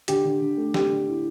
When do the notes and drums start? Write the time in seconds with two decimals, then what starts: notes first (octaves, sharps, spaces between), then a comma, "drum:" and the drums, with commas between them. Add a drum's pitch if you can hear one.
0.08 D3 G4, drum: hi-hat
0.24 D3
0.41 D3
0.57 A3
0.74 A3 G4, drum: snare
0.91 D3
1.07 E4